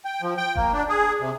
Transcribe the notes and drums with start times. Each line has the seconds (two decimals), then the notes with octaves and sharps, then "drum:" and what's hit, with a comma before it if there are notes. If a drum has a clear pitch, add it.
0.05 G5
0.22 F3
0.37 G5
0.56 A#3, drum: kick F1
0.74 D4
0.89 G#4
1.20 C3